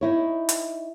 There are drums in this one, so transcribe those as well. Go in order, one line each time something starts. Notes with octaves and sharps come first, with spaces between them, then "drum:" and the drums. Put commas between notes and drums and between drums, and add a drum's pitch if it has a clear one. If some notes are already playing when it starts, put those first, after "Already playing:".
D#4 E4 C#5
drum: hi-hat